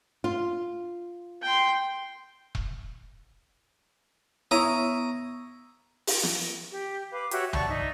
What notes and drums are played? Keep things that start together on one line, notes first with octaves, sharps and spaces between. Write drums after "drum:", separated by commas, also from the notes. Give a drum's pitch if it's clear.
F4
G5 C6
drum: kick E1
B3 E4 C#5 A#5 C#6 D#6
drum: open hi-hat
drum: snare
G4
B4 F5 D6
F#4 G4 C#5 E5, drum: hi-hat
D5 F#5 A5 C#6, drum: tom C2
D#4 D5 E5